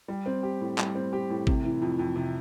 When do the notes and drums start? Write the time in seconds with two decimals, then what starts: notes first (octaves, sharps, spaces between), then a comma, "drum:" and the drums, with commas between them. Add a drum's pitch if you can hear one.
0.08 G3
0.26 C4
0.43 G4
0.61 A2
0.78 G3, drum: clap
0.95 C4
1.13 G4
1.30 A2
1.47 C3, drum: kick G#1
1.64 E3
1.82 F2
1.99 F2
2.16 C3